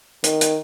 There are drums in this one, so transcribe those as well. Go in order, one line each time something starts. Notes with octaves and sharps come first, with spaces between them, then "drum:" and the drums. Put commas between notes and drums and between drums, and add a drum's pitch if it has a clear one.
D#3, drum: hi-hat
drum: hi-hat